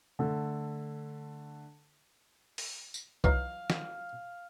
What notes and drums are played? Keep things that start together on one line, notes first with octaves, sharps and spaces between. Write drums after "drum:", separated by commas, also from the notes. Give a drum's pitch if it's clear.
D3 A3 A4
drum: open hi-hat
drum: tambourine
E3 F#3 D#4 F5, drum: kick C2
drum: snare